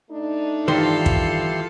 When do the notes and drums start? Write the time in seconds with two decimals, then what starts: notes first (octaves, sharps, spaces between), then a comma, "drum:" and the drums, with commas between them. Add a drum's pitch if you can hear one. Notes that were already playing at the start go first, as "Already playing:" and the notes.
0.11 A3 D4 D#4
0.68 G2 D#3 E3 F4 G4 A4 C5 C6
1.06 drum: kick